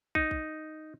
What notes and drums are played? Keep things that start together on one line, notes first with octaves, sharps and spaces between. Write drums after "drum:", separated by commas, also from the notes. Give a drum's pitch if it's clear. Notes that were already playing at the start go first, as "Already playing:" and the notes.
D#4, drum: kick
drum: kick